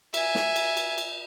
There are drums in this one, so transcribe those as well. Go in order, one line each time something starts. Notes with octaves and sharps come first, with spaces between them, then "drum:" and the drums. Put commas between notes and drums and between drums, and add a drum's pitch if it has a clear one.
E5 G#5, drum: cymbal
drum: snare
drum: cymbal
drum: cymbal
drum: cymbal